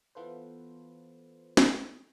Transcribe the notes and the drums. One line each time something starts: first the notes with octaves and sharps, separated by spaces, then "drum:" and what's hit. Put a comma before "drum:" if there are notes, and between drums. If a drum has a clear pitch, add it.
E3 B3 F4 A4 B4 C5
drum: snare